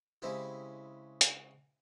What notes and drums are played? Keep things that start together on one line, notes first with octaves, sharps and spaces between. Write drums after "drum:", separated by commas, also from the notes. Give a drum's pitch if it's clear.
C#3 G#3 C4 E4 G4
drum: hi-hat